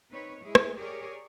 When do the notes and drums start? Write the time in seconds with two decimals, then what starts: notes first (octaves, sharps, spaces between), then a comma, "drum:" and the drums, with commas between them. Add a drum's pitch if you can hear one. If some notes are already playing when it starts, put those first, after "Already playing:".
0.11 C4 D#4 B4 C#5
0.44 G#3 E4 G#4
0.55 drum: rim click
0.77 G4 G#4 A#4 C#5 D5